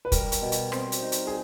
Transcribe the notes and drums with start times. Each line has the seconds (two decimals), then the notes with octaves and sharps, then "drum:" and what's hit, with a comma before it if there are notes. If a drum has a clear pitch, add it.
0.05 B4
0.12 G3 A#4, drum: kick, hi-hat
0.32 drum: hi-hat
0.42 B2
0.52 drum: hi-hat
0.72 C4, drum: rim click
0.92 drum: hi-hat
1.02 D#4
1.12 drum: hi-hat
1.27 G#4